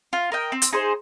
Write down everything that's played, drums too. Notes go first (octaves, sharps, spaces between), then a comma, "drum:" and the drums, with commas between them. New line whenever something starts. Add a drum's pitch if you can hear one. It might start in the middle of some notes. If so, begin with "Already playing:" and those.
F4
A#4 D#5 G5
C4
drum: hi-hat
D#4 G#4 C5